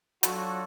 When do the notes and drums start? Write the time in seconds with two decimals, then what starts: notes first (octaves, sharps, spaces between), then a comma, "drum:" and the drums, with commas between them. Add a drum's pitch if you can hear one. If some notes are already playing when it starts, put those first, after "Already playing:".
0.23 F#3 D4 F4 F#4 A4 C#5, drum: hi-hat